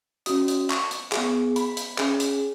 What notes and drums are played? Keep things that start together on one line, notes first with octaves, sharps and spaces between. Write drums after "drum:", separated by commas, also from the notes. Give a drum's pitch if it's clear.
C#4 F#4 D#6, drum: hi-hat
drum: hi-hat
C#6, drum: clap
drum: hi-hat
B3 G#4, drum: clap
B5, drum: hi-hat
drum: hi-hat
C#4 G#4, drum: clap
drum: hi-hat